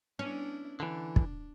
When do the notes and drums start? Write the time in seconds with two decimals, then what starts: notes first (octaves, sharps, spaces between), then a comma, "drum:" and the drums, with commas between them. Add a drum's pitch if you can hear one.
0.19 B3 C#4 D4 E4
0.80 D3 E3 D4
1.16 drum: kick